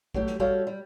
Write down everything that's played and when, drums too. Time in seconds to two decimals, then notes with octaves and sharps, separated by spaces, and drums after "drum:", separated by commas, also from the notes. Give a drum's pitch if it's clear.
0.14 F#3 A3 G4, drum: kick
0.27 drum: snare
0.40 G3 F#4 G4 A4 C#5 F5, drum: kick
0.67 G3